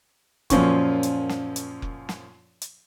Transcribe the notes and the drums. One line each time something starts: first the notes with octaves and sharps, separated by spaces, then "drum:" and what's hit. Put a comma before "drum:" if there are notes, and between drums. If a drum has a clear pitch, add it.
F#2 A#2 F3 C#4 C#6, drum: kick F1, hi-hat
drum: hi-hat
drum: snare
drum: hi-hat
drum: kick F1
drum: snare
drum: hi-hat